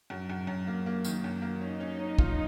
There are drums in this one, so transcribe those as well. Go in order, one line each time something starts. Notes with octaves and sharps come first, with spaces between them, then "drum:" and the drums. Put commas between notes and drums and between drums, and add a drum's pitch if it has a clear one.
F#2
F#2
F#2
A#3
A#3
D#3, drum: tambourine
F#2
A#3
C#4 D#4
C#4
C#4
F4, drum: kick